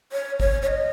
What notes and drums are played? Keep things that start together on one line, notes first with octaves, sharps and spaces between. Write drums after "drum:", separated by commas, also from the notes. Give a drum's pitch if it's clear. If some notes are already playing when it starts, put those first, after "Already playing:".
C#5
C#5, drum: kick G#1
C#5
D#5